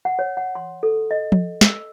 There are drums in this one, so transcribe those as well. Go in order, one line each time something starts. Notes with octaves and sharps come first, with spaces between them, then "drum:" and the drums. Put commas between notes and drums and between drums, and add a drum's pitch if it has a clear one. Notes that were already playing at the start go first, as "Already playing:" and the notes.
F#5
C#5
F#5
C6
A4
D#5
drum: tom F3
E6, drum: snare